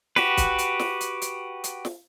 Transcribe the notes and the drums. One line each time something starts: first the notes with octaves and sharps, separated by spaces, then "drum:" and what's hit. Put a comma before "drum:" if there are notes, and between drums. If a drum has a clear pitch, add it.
F#4 G4 B4, drum: snare
drum: kick, hi-hat
drum: hi-hat
drum: snare
drum: hi-hat
drum: hi-hat
drum: hi-hat
drum: snare